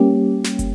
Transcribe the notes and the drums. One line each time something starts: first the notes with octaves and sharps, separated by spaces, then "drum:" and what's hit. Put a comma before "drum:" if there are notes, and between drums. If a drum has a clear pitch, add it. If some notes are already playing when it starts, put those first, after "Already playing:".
Already playing: G3 A#3 C#4 G4
drum: snare
drum: kick, hi-hat